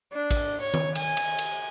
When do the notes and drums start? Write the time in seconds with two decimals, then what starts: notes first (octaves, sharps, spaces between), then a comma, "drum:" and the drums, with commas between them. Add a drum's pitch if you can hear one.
0.12 D4
0.31 drum: kick A1, cymbal
0.61 C#5
0.74 drum: tom D#3
0.95 G#5, drum: cymbal
1.17 drum: cymbal
1.38 drum: cymbal